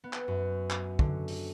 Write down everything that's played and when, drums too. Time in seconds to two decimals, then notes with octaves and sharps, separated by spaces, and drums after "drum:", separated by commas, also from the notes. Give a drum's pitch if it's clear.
0.04 B3
0.13 drum: clap
0.28 F#2
0.70 drum: clap
0.99 D3, drum: kick
1.28 drum: open hi-hat